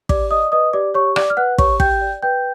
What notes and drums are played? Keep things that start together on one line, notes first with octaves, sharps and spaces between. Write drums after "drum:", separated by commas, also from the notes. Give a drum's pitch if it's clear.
G4 D5 D6, drum: kick
D5 D#5 D#6
B4 D#5 D#6
G4 D5 D6
G4 C#5 C#6
D5 D6, drum: rim click
F6
B4 F#5 F#6
G4 C#5 C#6, drum: kick
G4 G5 G6, drum: kick
D5
B4 G5 G6